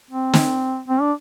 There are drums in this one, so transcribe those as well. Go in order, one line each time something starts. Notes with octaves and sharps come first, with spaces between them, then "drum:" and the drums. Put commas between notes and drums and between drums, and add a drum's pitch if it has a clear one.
C4
drum: snare
C4
D4